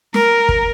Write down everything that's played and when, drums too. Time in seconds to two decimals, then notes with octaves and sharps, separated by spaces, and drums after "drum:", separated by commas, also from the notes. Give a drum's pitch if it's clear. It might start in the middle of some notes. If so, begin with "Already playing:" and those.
0.14 A#4, drum: snare
0.49 drum: kick